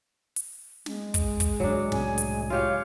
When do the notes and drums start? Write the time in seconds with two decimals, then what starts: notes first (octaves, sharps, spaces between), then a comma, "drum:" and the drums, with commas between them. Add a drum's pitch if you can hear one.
0.36 drum: hi-hat
0.86 G#3, drum: snare
1.14 drum: kick, hi-hat
1.40 drum: kick, hi-hat
1.60 G#2 D3 E3 F#3 D4
1.92 C2 A2 C#3 G#5, drum: snare
2.18 drum: hi-hat
2.50 F4 G4 C#5 F5